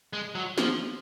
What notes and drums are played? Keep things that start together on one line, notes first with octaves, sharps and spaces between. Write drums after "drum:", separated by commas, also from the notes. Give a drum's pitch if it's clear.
G#3
F#3
F3, drum: snare